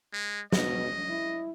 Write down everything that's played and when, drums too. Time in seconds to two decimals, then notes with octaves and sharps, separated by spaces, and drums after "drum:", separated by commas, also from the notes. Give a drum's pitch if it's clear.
0.13 G#3
0.52 B2 D#5, drum: snare
1.10 E4